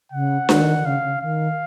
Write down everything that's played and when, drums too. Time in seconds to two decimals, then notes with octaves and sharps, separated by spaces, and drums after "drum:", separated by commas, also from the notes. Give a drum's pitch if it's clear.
0.12 C#3 F#5
0.49 D#3, drum: snare D4
0.78 D#3
0.85 C#3 F5
1.03 C#3
1.22 D#3 F5